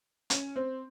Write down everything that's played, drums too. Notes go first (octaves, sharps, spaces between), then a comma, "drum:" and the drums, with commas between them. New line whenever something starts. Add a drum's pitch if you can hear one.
C#4, drum: hi-hat
C4